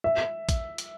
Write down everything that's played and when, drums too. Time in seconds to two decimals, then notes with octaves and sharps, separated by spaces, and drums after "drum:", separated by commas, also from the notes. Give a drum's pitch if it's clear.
0.04 E5
0.49 drum: kick A#1, hi-hat
0.78 drum: hi-hat